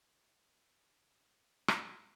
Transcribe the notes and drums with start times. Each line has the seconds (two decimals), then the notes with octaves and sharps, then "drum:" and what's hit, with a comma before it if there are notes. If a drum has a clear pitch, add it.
0.14 G#4 F5
1.68 drum: rim click